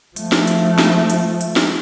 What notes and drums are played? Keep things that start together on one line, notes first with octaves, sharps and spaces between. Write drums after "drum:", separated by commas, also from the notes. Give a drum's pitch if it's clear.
F3 A3, drum: hi-hat
drum: snare
drum: hi-hat
drum: snare
drum: hi-hat
drum: hi-hat
drum: snare